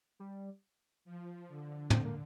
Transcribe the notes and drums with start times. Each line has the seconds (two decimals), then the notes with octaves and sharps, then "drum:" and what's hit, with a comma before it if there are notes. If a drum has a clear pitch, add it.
0.20 G3
1.05 F3
1.49 D3
1.90 D3 C4, drum: tom
2.05 A#3